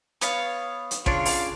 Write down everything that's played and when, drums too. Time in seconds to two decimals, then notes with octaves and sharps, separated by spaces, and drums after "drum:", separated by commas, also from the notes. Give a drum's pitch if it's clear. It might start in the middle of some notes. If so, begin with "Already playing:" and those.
0.21 B3 C#5 F5, drum: hi-hat
0.91 drum: hi-hat
1.06 C#3 D4 F4 C#5, drum: kick A1
1.25 drum: open hi-hat